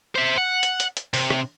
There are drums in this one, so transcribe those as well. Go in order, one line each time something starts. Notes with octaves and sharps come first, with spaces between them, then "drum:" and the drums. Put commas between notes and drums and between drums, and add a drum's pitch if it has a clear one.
C5 E5
F#5
drum: hi-hat
drum: hi-hat
drum: hi-hat
C3, drum: open hi-hat
drum: rim click